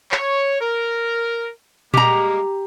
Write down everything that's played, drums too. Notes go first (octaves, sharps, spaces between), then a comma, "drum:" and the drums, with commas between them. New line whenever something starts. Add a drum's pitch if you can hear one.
C#5, drum: clap
A#4
G3 G#3 A#3 G4 A#5, drum: tom A#2